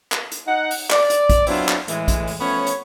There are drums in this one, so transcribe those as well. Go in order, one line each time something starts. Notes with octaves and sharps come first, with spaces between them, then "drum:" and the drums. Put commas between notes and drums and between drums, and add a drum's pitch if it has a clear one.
drum: clap
drum: hi-hat
D#4 F#5
drum: open hi-hat
D5, drum: clap
drum: hi-hat
drum: kick, hi-hat
F#3 B3 C4 D4 E4 F4, drum: open hi-hat
drum: clap
A2 E3 G#3, drum: hi-hat
drum: kick, hi-hat
drum: open hi-hat
F3 A3 B3 C#4 C#5
drum: hi-hat